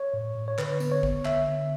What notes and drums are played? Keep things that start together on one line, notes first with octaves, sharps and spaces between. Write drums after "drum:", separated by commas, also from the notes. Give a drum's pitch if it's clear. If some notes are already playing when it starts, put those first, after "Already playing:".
Already playing: C#5
A2
A2
C#5
D3 B4, drum: clap
B3, drum: tambourine
C#5
B3, drum: kick A1
D3 E5, drum: clap
D3